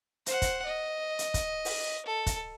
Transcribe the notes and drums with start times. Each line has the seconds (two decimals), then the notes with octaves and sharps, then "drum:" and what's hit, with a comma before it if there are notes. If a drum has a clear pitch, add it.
0.26 C5 F#5, drum: hi-hat
0.42 drum: kick, hi-hat
0.65 D#5
1.19 drum: hi-hat
1.34 drum: kick, hi-hat
1.65 drum: open hi-hat
2.06 A4
2.26 drum: kick, hi-hat